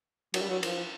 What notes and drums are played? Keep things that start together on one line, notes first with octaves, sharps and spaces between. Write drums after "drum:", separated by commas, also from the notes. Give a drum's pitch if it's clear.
F#3, drum: cymbal
G3
F#3
F3, drum: cymbal